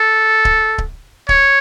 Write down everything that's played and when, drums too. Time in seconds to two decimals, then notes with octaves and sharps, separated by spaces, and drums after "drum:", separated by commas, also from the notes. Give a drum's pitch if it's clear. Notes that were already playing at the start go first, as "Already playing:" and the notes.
Already playing: A4
0.45 drum: kick D1
0.78 drum: kick D1
1.29 C#5, drum: kick D1